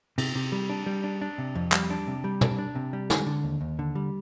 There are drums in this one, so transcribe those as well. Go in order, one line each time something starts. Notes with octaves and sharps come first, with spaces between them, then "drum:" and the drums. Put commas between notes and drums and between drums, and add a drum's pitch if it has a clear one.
C3, drum: cymbal
C3
G3
D4
G3
D4
D4
C3
F2
G3, drum: clap
D4
C3
G3
D4, drum: tom
D4
C3
G3
D3, drum: snare
D3
D#2
D#2
D3
G3